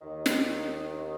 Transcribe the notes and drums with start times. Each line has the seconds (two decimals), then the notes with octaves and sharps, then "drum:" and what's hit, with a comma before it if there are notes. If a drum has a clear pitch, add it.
0.01 D#2 D#3
0.26 drum: snare